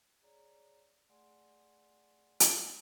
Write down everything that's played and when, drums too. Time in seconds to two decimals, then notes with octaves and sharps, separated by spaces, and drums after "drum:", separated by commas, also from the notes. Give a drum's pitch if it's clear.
0.22 G#4 C#5 D5 A#5
1.08 A3 G#4 D5 F#5 G#5 C6
2.40 drum: hi-hat